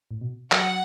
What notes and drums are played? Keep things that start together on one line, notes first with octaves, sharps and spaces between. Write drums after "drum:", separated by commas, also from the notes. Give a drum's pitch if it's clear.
A2
B2
F#3 F#5, drum: clap